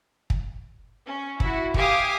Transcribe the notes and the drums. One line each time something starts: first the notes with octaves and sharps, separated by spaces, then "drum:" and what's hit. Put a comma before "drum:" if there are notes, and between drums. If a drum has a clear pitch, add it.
drum: kick
C#4
E4 F#4, drum: kick
G4 E5 F5 G#5 D6 D#6, drum: kick